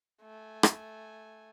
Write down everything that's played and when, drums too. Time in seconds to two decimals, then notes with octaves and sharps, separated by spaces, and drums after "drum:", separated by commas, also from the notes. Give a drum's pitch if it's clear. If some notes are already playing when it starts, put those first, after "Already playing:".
0.22 A3 G#5
0.63 drum: rim click